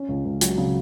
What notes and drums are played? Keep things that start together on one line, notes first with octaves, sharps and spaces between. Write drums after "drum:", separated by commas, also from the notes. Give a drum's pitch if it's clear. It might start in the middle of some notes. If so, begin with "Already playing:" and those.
Already playing: C#4
C#2
C#2
F#3, drum: hi-hat
C#3